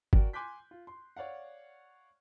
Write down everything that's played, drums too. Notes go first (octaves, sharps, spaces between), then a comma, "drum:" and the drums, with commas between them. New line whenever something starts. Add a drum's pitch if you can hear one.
F#4 A#4 D5 G5, drum: kick
G#5 C6 D6 F#6 G6 B6
F4
C6
C#5 D5 F5 F#5